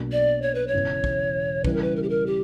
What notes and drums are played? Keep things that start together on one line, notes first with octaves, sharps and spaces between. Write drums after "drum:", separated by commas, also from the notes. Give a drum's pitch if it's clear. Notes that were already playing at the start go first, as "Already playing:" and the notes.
Already playing: B1 B2 A#3 D4 F#4
D5
C#5
B4
C#5
E1 E2 C#3 E3
drum: kick
C#3 E3 G3 B4, drum: kick
A#4
B4
A#4
G4
A#4
G4